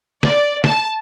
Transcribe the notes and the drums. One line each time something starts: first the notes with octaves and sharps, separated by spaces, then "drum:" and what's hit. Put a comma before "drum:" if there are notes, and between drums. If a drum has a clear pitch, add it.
D5, drum: snare
A5, drum: snare